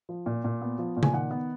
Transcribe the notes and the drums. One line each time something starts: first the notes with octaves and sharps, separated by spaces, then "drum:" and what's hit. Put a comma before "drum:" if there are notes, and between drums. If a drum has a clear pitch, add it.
F3
A#2
A#2
B3
F3
A#2
G#5, drum: tom
D#3 F#5
B3